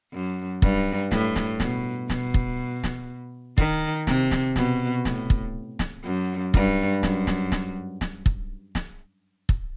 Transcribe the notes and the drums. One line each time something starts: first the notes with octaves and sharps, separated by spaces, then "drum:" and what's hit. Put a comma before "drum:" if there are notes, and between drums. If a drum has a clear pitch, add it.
F#2
G2, drum: kick
A2, drum: snare
drum: snare
B2, drum: snare
B2, drum: snare
drum: kick
drum: snare
D#3, drum: kick
C3, drum: snare
drum: snare
B2, drum: snare
A2, drum: snare
drum: kick
drum: snare
F#2
G2, drum: kick
F#2, drum: snare
drum: snare
drum: snare
drum: snare
drum: kick
drum: snare
drum: kick